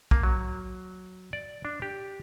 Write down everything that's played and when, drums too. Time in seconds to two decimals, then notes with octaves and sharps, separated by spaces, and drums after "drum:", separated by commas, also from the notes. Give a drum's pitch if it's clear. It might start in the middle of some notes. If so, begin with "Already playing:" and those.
0.11 A#3, drum: kick
0.23 F#3
1.33 D5
1.65 D4
1.82 G4